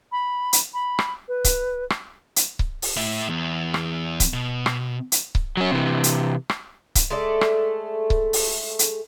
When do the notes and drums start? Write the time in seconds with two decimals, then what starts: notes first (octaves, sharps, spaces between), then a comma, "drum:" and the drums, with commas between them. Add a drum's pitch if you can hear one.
0.12 B5
0.53 drum: hi-hat
0.74 B5
0.99 drum: rim click
1.28 B4
1.44 drum: kick C#1, hi-hat
1.90 drum: rim click
2.36 drum: hi-hat
2.59 drum: kick C#1
2.82 drum: open hi-hat
2.97 A2 E5
3.28 E2
3.74 drum: rim click
4.20 drum: kick C#1, hi-hat
4.33 B2
4.66 drum: rim click
5.12 drum: hi-hat
5.35 drum: kick C#1
5.57 F#3 C#4
5.71 C3 E3
6.04 drum: hi-hat
6.49 drum: rim click
6.95 drum: kick C#1, hi-hat
7.10 G#3 A3 A4 D5
7.41 drum: rim click
8.10 drum: kick C#1
8.33 drum: open hi-hat
8.79 drum: hi-hat